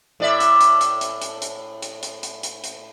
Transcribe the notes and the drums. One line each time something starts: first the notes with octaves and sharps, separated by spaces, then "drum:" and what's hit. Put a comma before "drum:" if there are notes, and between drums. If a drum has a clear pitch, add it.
A2 D5 E5
drum: hi-hat
drum: hi-hat
drum: hi-hat
drum: hi-hat
drum: hi-hat
drum: hi-hat
drum: hi-hat
drum: hi-hat
drum: hi-hat
drum: hi-hat
drum: hi-hat